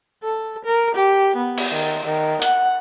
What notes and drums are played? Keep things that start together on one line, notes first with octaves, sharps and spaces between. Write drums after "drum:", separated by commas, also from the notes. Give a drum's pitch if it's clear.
A4
A#4
G4
B3
drum: cymbal
D#3
D#3
F#5, drum: hi-hat